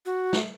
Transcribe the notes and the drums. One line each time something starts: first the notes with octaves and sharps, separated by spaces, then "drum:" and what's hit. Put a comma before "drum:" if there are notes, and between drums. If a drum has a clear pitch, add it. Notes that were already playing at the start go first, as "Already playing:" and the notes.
F#4
drum: snare